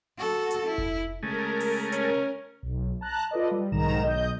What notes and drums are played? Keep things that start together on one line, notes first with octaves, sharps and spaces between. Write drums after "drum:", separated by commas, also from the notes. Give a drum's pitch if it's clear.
F#4 A4
drum: hi-hat
E4
drum: kick F1
C#3 G#3 A3 A#4
drum: open hi-hat
C#4, drum: hi-hat
B1
A5 A#5 F#6
F4 A4 B4 D5 D#5
G3
B1 G#2 D#3 A#5 E7
B1 D#5 G6